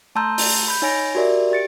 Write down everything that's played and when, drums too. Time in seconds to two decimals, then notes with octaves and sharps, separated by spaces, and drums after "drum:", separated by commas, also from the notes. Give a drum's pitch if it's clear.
0.15 A3 A5 A#5 C6 E6 G6
0.38 drum: open hi-hat
0.68 B5 G6
0.82 D#4 C#5 G#5 A#6 D7
1.15 F#4 G4 A#4 D5 E5
1.52 G4 A6 C#7 D7